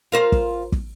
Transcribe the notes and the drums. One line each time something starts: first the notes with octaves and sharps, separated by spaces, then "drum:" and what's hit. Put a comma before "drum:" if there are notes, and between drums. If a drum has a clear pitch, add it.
F4 A#4 C5
drum: kick
drum: kick